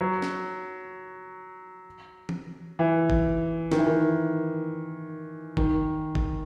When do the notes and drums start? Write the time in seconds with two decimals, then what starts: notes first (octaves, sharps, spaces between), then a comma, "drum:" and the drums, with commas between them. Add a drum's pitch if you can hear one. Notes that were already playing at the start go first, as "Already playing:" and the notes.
0.01 F#3
0.22 drum: snare
2.29 drum: tom E3
2.79 E3
3.10 drum: kick G1
3.71 D#3, drum: snare
3.78 E3
3.86 D#3
5.57 D#3, drum: kick G1
6.15 drum: kick G1